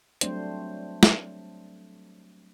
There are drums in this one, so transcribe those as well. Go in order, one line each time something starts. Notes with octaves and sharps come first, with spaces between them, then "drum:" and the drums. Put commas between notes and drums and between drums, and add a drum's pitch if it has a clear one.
F#3 G3 A3 C4 D4 C5, drum: hi-hat
drum: snare